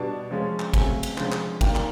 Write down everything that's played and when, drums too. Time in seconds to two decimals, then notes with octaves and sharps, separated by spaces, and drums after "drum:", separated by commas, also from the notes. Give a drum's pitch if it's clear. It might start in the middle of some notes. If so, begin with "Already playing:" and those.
Already playing: B2 G3 B3 D4 A5
0.31 F3 G#3 C#4
0.60 drum: clap
0.74 C#3 F#3 A3 C4 G#5, drum: kick, cymbal
1.03 drum: cymbal
1.18 D3 F3 G#3 C#4, drum: clap
1.32 drum: clap
1.61 D#3 F#3 A#3 D4 G5, drum: kick, cymbal
1.76 drum: clap